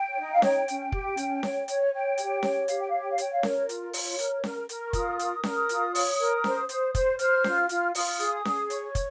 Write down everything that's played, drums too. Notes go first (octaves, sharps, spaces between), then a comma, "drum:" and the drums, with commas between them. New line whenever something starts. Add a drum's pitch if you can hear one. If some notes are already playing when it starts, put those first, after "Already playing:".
Already playing: G5
C#5
D#4 D#5
F5
C#5 G5, drum: snare C#4
C#4, drum: hi-hat
G4, drum: kick
C#4, drum: hi-hat
C#5, drum: snare C#4
C#5, drum: hi-hat
C#5 G5
G4, drum: hi-hat
C#5, drum: snare C#4
G4 F5, drum: hi-hat
G5
C#5 F5
G5
F5
C#5 G5, drum: hi-hat
F5
A#4, drum: snare C#4
F4, drum: hi-hat
C#5, drum: open hi-hat
A#4, drum: hi-hat
A#4, drum: snare C#4
A#4, drum: hi-hat
C#6
F4 D#6, drum: kick, hi-hat
A#4, drum: hi-hat
A#4, drum: snare C#4
F4, drum: hi-hat
C#5, drum: open hi-hat
A#4
C5, drum: snare C#4
C5, drum: hi-hat
C5, drum: kick, hi-hat
C5 F6, drum: hi-hat
F4, drum: snare C#4
F4, drum: hi-hat
F4 D#6, drum: open hi-hat
G#4, drum: hi-hat
G#4, drum: snare C#4
C#5 C#6, drum: hi-hat
drum: kick, hi-hat